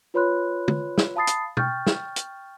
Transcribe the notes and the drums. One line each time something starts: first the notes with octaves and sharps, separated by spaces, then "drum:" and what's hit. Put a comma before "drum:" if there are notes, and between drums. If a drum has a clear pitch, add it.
F4 B4 C#5 B5 C6 F#6
drum: tom
drum: snare
F5 A5 B5 D#6 A6 C7
drum: hi-hat
G5 C#6 F6 G6 A6, drum: tom B2
drum: snare
drum: hi-hat